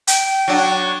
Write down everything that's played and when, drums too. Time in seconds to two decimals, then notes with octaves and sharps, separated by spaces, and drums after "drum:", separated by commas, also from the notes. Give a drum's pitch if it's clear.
0.07 G5, drum: hi-hat
0.48 F#3 D4